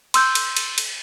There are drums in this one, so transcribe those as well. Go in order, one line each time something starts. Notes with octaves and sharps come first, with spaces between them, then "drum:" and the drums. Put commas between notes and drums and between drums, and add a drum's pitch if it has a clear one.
C6 E6 G6, drum: cymbal
drum: cymbal
drum: cymbal
drum: cymbal